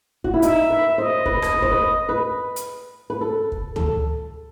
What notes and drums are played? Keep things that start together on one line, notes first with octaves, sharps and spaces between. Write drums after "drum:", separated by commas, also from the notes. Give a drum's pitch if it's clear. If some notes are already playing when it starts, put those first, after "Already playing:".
F#4, drum: kick
E4
D#4 E5, drum: hi-hat
B4
C5 D#5
B4, drum: kick
drum: rim click
B4
C5, drum: kick
B4
B4
drum: hi-hat
B4
A4
drum: kick
A4, drum: tom C#2